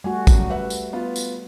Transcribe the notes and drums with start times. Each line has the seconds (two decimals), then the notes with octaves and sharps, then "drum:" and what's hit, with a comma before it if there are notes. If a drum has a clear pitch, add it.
0.04 G3 A3 F#4 G#5
0.27 C#3 F#3, drum: kick, tambourine
0.50 B4 E5 F#5
0.70 drum: tambourine
0.93 B3 F4
1.16 drum: tambourine